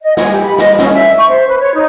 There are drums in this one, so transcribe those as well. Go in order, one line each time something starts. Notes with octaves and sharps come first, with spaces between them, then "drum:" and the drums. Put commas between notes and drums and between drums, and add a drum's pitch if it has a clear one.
D#5
G#5, drum: snare
G4
B5
D#5, drum: snare
C#4, drum: snare
E5
C#6
C5
B4
C#5
D#4